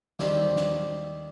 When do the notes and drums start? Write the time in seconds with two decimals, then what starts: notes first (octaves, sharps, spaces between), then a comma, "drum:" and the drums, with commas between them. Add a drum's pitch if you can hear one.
0.19 D#2 D#3 G3 C4 D4, drum: snare
0.56 drum: snare